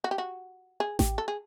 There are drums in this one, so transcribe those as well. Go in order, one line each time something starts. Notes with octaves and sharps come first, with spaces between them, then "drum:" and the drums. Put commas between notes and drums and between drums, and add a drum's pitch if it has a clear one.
F#4
G4
F#4
G#4
G4, drum: snare A1
A4
G#4